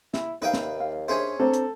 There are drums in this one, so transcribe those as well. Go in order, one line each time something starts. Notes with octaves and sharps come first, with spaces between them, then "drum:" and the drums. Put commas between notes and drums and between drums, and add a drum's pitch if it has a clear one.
E4, drum: snare
D#2 D#4 B4 E5 F5 G5
drum: snare
F5
C#4 D4 G#4 C5 D#5 E5
C4 D4 A4 A#5
drum: hi-hat